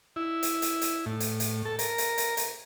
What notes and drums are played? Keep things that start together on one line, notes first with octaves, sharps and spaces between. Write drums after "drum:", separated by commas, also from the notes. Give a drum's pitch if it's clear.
E4
drum: hi-hat
drum: hi-hat
drum: hi-hat
A2
drum: hi-hat
drum: hi-hat
A4
A#4, drum: hi-hat
drum: hi-hat
drum: hi-hat
drum: hi-hat